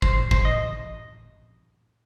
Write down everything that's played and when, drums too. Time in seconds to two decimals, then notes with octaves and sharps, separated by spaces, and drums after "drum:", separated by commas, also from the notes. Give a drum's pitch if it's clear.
0.02 C5, drum: kick
0.31 C5, drum: kick
0.45 D#5